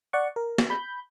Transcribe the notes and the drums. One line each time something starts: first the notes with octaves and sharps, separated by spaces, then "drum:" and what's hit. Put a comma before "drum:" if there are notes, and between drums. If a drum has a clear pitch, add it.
D5 F#5 C#6
A#4
drum: snare
B5 G6